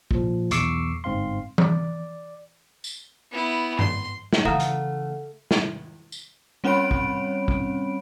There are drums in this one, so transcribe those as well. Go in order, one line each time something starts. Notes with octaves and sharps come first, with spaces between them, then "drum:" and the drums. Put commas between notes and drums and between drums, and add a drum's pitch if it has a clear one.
A#2 F3, drum: kick A#1
B1 E2 C#6 D6 E6 C7, drum: hi-hat
G1 G#2 C4 F5 C6
D5, drum: tom E3
drum: tambourine
B3 E4
C6, drum: tom G2
drum: snare
C#3 E3 A3 F5 F#5 A#5 D#6 F6
drum: hi-hat
drum: snare
drum: tambourine
G3 C4 C#4 C#5 B5 D7
drum: kick A#1
drum: kick A#1